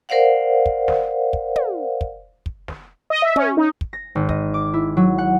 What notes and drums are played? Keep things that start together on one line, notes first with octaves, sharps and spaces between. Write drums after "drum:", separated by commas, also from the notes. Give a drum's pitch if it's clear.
A#4 C5 D5 F5 F#5
drum: kick
drum: snare
drum: kick
drum: tom
drum: kick
drum: kick
drum: snare
D#5
E5
C#4, drum: tom
D#4
drum: kick
A#6
G#1
D#5, drum: kick
D6
E4
F#3
F#5